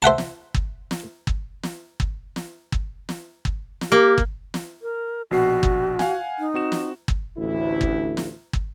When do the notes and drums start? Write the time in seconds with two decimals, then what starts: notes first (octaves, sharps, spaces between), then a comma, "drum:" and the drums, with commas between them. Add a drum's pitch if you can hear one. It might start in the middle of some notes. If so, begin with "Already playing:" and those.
0.02 C5 E5 F#5 A5
0.18 drum: snare
0.54 drum: kick
0.91 drum: snare
1.27 drum: kick
1.63 drum: snare
2.00 drum: kick
2.36 drum: snare
2.72 drum: kick
3.09 drum: snare
3.45 drum: kick
3.81 drum: snare
3.92 A#3 G4
4.18 drum: kick
4.54 drum: snare
4.82 A#4
5.31 A#1 B2 F#4 C7
5.63 drum: kick
5.99 F5 F#5 G#5, drum: snare
6.39 D#4
6.54 C4 F#4 E7
6.72 drum: snare
7.08 drum: kick
7.37 A1 D2 E4
7.81 drum: kick
8.17 drum: snare
8.53 drum: kick